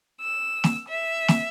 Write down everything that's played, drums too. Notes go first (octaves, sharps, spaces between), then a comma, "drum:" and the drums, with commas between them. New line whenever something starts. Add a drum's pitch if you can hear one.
E6
drum: snare
E5
drum: snare